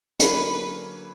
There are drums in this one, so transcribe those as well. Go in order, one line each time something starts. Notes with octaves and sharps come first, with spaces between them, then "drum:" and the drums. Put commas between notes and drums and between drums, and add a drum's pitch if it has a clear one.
D3 F#3 A#3 C#4 B4, drum: hi-hat